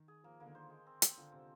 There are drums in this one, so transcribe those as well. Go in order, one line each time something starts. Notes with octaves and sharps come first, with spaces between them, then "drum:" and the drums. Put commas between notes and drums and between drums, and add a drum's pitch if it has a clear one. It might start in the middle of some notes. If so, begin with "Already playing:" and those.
Already playing: D#3
G#4
F3 A#3
D3 A#3
D#3
C5
G#3
C4
C4, drum: hi-hat
D3 F3
C3 C4